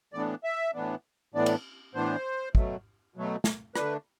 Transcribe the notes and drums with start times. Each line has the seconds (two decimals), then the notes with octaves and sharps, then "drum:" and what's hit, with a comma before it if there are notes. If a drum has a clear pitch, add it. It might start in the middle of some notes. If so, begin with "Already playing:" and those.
0.13 A2 E3 B3 D4 D5
0.44 E5
0.74 A2 E3 B3 D4
1.34 A2 E3 B3 D4 D5
1.46 drum: cymbal
1.94 A2 E3 B3 D4 C5
2.55 B2 F#3 A3, drum: kick
3.16 B2 F#3 A3
3.44 drum: snare
3.75 D3 A3 D4 B4, drum: rim click